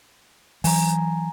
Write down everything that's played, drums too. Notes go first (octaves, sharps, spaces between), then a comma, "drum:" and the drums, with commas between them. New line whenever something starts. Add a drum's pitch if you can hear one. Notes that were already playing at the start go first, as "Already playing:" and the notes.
E3 F#3 G#5 A#5, drum: open hi-hat